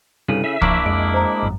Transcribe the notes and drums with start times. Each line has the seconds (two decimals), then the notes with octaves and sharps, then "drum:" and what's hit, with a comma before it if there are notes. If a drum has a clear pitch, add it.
0.29 C2 G2 C#3 E4 A4 D#7
0.44 C#3 E5
0.62 F3 A#3 D4 E4 C#6, drum: kick
0.86 F2 G#3 D7
1.14 C5 A#5
1.43 G#1 F#2